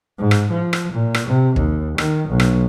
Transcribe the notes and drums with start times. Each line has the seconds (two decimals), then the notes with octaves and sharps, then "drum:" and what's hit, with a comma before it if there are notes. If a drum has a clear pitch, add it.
0.19 G#2
0.31 drum: rim click
0.51 F3
0.73 drum: rim click
0.92 A#2
1.14 drum: rim click
1.27 C3
1.56 D#2, drum: kick
1.98 D#3, drum: rim click
2.29 B1
2.40 drum: rim click